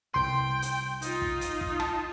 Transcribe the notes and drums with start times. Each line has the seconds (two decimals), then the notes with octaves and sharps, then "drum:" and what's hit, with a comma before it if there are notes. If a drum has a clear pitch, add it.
0.14 C2 G5 C6
0.62 drum: hi-hat
1.02 D#4 F4, drum: hi-hat
1.22 drum: kick
1.41 drum: hi-hat
1.61 drum: kick
1.80 A5, drum: rim click